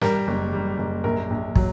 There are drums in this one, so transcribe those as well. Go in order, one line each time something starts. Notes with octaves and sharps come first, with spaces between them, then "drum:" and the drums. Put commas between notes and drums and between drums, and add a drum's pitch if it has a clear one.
G3 A#4, drum: snare G#2
F#1
G3
F#1
A#1 A#4
A#1
F#3, drum: kick